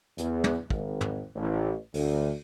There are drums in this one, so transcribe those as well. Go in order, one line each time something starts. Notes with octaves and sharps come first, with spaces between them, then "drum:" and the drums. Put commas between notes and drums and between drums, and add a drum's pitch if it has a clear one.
E2, drum: hi-hat
drum: tom
G#1, drum: kick
drum: tom
A1
D2, drum: open hi-hat